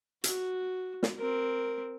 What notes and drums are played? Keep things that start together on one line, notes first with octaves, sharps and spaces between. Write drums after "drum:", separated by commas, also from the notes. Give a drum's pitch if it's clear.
F#4, drum: hi-hat
drum: snare
C4 A#4